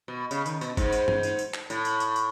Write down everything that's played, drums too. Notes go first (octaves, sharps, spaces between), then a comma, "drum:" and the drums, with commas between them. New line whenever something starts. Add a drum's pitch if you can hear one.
B2
C#3, drum: tambourine
D#3, drum: tambourine
B2, drum: tambourine
G#2, drum: kick F#1, tambourine
drum: tambourine
drum: tom G2
drum: tambourine
drum: tambourine
drum: clap
A2, drum: tambourine
drum: tambourine
drum: tambourine
drum: tambourine